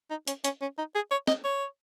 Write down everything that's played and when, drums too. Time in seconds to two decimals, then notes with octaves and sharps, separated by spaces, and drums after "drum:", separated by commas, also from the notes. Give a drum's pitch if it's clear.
0.10 D#4
0.27 C#4, drum: hi-hat
0.44 C#4, drum: hi-hat
0.61 C#4
0.78 D#4
0.95 G#4
1.11 C#5
1.28 D#5, drum: snare
1.44 C#5